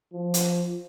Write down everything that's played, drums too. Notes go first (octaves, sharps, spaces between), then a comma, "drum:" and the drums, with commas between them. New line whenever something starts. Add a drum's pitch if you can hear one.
F3
drum: hi-hat